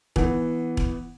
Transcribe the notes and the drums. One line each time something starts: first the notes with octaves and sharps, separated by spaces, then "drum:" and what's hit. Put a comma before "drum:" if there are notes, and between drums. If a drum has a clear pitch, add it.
E3 B3, drum: kick E1
drum: kick E1